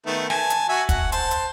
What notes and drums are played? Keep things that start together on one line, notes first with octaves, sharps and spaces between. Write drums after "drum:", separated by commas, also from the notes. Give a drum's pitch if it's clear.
D#3 A3 B3
G#5 A5, drum: snare
drum: hi-hat
F#4 E5 G#5
F#5, drum: kick, hi-hat
C5 A5 C6, drum: hi-hat
drum: hi-hat